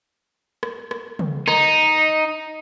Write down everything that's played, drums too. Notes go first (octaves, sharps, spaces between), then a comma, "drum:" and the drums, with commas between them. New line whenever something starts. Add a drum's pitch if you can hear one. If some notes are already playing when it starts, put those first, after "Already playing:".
drum: rim click
drum: rim click
drum: tom C#3
D#4, drum: rim click